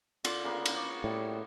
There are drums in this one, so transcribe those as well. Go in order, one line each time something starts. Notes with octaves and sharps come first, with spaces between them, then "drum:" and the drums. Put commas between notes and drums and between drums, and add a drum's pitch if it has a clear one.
D3 F4 D6, drum: cymbal
C#3 A#3 B3
drum: cymbal
C#5 D5
A2 G3